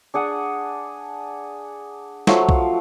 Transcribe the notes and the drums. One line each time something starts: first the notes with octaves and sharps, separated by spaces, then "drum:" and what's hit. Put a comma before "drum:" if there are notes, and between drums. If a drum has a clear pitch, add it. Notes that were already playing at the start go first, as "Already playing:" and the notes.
D4 G#4 F#5 G#5
F3 F#3 A3 F5, drum: snare
drum: kick B1